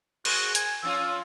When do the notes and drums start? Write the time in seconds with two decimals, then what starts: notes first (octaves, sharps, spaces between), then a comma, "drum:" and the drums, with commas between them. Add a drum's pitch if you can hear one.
0.25 F#4 G#4 A#4 C5, drum: cymbal
0.55 G#5, drum: hi-hat
0.83 F3 C#4 F4 E6